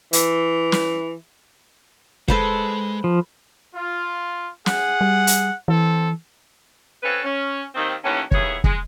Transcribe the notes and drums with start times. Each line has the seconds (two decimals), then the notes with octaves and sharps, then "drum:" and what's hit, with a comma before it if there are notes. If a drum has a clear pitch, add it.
0.13 E3, drum: hi-hat
0.72 drum: snare
2.28 G#3 A4 B4 C5, drum: kick
3.04 F3
3.75 F4
4.66 G#4 F#5, drum: snare
5.01 G3
5.27 drum: hi-hat
5.68 E3 C4 A4
7.03 C4 C#4 F#4 A4 B4 C#5
7.24 C#4
7.74 D#2 D#3 C4
8.03 D#2 A2 E3 C#4
8.31 D#2 B3 E4 G#4 C#5, drum: kick
8.64 G#3, drum: kick